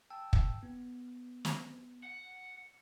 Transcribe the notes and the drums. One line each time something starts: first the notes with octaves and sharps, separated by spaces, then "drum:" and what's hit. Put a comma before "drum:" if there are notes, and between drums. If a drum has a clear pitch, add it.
G5 A5 E6
drum: kick
B3
drum: snare
F#5